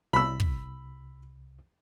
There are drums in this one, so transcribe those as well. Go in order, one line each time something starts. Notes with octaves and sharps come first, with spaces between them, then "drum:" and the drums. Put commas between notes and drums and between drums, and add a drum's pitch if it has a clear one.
C2 B5 E6
drum: kick